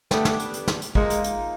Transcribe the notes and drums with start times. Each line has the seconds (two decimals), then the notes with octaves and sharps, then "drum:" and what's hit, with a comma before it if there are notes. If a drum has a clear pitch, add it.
0.11 G3 A3 B3 D4 G4, drum: snare
0.25 drum: snare
0.39 drum: hi-hat
0.53 drum: hi-hat
0.68 drum: snare
0.82 drum: hi-hat
0.95 F3 G#3 A#3 D#4, drum: kick
1.10 drum: hi-hat
1.24 drum: hi-hat